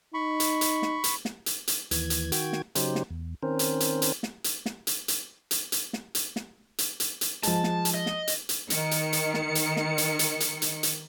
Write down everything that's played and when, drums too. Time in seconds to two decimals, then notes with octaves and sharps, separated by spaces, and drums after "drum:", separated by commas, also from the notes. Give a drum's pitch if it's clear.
0.14 D#4 B5 C#6
0.40 drum: hi-hat
0.61 drum: hi-hat
0.82 drum: snare
1.04 drum: hi-hat
1.25 drum: snare
1.46 drum: hi-hat
1.68 drum: hi-hat
1.91 D#2 E3 G#6, drum: hi-hat
2.10 drum: hi-hat
2.32 D#3 F#4 G5 G#6, drum: hi-hat
2.53 drum: snare
2.75 C#3 F#3 D#4 G4 C5, drum: hi-hat
2.95 drum: snare
3.10 E2
3.43 D#3 C4 C#4 A#4 C5
3.59 drum: hi-hat
3.80 drum: hi-hat
4.02 drum: hi-hat
4.23 drum: snare
4.44 drum: hi-hat
4.66 drum: snare
4.87 drum: hi-hat
5.08 drum: hi-hat
5.51 drum: hi-hat
5.72 drum: hi-hat
5.93 drum: snare
6.15 drum: hi-hat
6.36 drum: snare
6.78 drum: hi-hat
7.00 drum: hi-hat
7.21 drum: hi-hat
7.43 F3 G#3 A5, drum: hi-hat
7.64 drum: snare
7.85 drum: hi-hat
7.94 D#5
8.06 drum: snare
8.28 drum: hi-hat
8.49 drum: hi-hat
8.70 D#3 C#7, drum: hi-hat
8.91 drum: hi-hat
9.13 drum: hi-hat
9.34 drum: snare
9.55 drum: hi-hat
9.77 drum: snare
9.98 drum: hi-hat
10.19 drum: hi-hat
10.40 drum: hi-hat
10.62 drum: hi-hat
10.83 drum: hi-hat